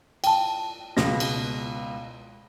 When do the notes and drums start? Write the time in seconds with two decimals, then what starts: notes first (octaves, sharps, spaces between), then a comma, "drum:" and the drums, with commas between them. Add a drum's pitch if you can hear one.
0.24 G5 A5, drum: cymbal
0.97 C#2 B2 A#6, drum: snare
1.20 drum: cymbal